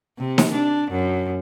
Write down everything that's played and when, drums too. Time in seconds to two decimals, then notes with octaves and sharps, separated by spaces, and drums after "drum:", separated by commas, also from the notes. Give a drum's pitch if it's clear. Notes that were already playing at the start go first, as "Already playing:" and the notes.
0.18 C3
0.38 drum: snare D#4
0.52 D4
0.91 F#2